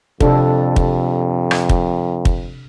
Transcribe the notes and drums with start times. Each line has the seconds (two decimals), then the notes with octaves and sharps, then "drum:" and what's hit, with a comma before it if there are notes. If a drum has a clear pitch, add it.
0.20 F2 C3 D4 A4, drum: kick
0.76 drum: kick
1.51 drum: rim click
1.69 drum: kick
2.25 drum: kick